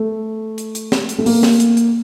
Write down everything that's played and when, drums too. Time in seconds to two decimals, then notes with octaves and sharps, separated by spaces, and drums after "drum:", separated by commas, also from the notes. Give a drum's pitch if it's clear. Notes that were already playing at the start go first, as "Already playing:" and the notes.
Already playing: A3
0.58 drum: hi-hat
0.75 drum: hi-hat
0.92 drum: snare
1.09 drum: hi-hat
1.18 A3
1.26 A#3, drum: open hi-hat
1.43 drum: snare
1.60 drum: hi-hat
1.77 drum: hi-hat